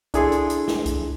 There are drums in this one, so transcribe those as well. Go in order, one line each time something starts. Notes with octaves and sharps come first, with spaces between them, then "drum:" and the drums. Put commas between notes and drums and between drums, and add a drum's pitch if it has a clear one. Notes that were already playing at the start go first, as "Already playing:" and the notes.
D4 E4 G#4 A4 E5 C6, drum: kick C2, hi-hat
drum: hi-hat
drum: hi-hat
drum: snare
drum: kick C2, hi-hat